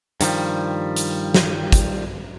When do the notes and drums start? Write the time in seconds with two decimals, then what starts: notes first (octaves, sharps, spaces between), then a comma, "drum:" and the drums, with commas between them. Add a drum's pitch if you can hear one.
0.21 G2 D#3 F3 G3, drum: hi-hat
0.97 drum: hi-hat
1.34 drum: snare
1.72 drum: kick, hi-hat